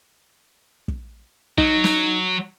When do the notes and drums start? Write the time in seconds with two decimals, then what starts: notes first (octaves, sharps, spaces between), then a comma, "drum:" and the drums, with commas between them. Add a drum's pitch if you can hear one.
0.88 drum: kick
1.58 F#3 D#4, drum: kick
1.84 drum: snare